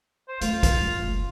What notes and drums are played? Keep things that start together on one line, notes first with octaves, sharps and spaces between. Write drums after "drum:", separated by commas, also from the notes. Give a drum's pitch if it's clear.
C5
A3 F4, drum: hi-hat
drum: kick, hi-hat
F#2
F#1 D2